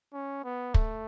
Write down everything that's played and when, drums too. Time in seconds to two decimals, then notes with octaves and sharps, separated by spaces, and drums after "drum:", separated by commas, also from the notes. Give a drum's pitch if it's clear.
0.13 C#4
0.44 B3
0.74 A3, drum: kick